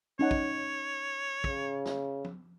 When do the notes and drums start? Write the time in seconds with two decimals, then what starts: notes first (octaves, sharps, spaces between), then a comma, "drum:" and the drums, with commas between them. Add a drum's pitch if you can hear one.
0.19 C#4 D#4 C#5 F#5
0.31 drum: kick
1.44 C#3, drum: kick
1.85 drum: snare
2.25 drum: tom